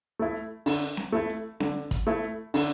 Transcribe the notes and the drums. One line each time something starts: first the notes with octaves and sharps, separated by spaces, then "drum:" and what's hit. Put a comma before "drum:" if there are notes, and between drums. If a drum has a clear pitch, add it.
A3 E4
D3, drum: open hi-hat
drum: snare C4
A3 E4
D3, drum: snare C4
drum: kick, hi-hat
A3 E4
D3, drum: open hi-hat